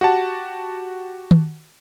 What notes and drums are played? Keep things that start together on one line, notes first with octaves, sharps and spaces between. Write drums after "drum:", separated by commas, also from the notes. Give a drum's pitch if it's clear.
F#4 G4 F#5 A5
drum: tom D#3